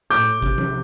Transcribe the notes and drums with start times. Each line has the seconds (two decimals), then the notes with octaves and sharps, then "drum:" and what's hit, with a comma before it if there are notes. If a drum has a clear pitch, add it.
0.10 A2 D6 G6
0.42 C3, drum: kick G1
0.58 drum: tom F3